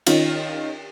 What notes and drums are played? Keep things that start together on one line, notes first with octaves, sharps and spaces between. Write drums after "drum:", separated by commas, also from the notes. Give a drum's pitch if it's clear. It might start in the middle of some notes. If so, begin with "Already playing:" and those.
D#3 C#4 D#4 F4, drum: cymbal